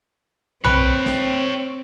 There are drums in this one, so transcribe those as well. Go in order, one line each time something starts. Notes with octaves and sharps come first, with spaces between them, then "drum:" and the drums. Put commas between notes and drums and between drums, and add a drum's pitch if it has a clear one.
C4 B4 C#5 G5, drum: tom B1
drum: snare